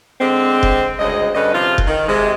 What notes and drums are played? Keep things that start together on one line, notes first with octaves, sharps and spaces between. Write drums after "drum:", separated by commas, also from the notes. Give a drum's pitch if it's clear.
D3 G#3 C4
drum: kick F1
D2 C#3 G#3 D#5
G2 D3 C#4 B4 D#5
C3 F3 F4
drum: kick F1
D#3
C3 G#3